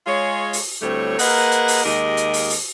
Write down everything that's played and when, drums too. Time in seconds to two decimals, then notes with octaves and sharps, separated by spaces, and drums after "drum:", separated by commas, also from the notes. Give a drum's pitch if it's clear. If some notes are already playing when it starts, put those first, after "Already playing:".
0.07 G#3 F4 G#4 C#5
0.53 drum: open hi-hat
0.81 D2 A2 G3 A3 C4 C#5
1.19 A#3 G#4 A#4 B4 D#5 F#5, drum: open hi-hat
1.52 drum: hi-hat
1.68 drum: open hi-hat
1.84 D#2 G#3 G4 A#4 D#5
2.17 drum: hi-hat
2.33 drum: open hi-hat
2.50 drum: open hi-hat